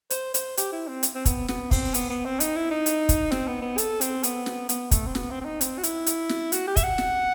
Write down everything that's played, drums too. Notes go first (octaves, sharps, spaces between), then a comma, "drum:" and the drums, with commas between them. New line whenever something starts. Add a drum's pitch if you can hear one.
C5, drum: hi-hat
C5, drum: hi-hat
G4, drum: hi-hat
E4
C4
drum: hi-hat
C4
B3, drum: kick, hi-hat
B3, drum: snare
C4, drum: kick, open hi-hat
B3, drum: hi-hat
B3
C4
D#4, drum: hi-hat
E4
D#4
drum: hi-hat
drum: kick, hi-hat
C4, drum: snare
B3
B3
A4, drum: hi-hat
C4, drum: hi-hat
B3, drum: hi-hat
drum: snare
B3, drum: hi-hat
A3, drum: kick, hi-hat
C4
B3, drum: snare
C4
C4
D#4
C4, drum: hi-hat
F#4
E4, drum: hi-hat
drum: hi-hat
drum: snare
F#4, drum: hi-hat
G4
E5, drum: kick, hi-hat
F#5
drum: snare